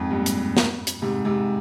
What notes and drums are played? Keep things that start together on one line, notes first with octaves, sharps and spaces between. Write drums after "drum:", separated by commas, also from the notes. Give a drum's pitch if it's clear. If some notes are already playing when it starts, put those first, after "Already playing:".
Already playing: F2 G#2
G2 A#2
drum: hi-hat
drum: snare
drum: hi-hat
G#2 C3
G#2 C3